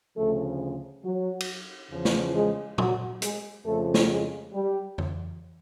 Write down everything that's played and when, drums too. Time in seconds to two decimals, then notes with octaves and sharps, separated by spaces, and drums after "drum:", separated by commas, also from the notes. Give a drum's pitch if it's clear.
0.17 D2 C#3 F3 A3 A4
1.04 F#3 F#4
1.40 drum: cymbal
1.91 E2 C#3 F3
2.05 drum: snare
2.34 G#3 G#4
2.78 F#3 F#4, drum: tom
3.22 G#3 G#4, drum: hi-hat
3.66 F2 C#3 F3 A3 A4
3.94 drum: snare
4.10 G#3 G#4
4.53 G3 G4
4.98 drum: tom F2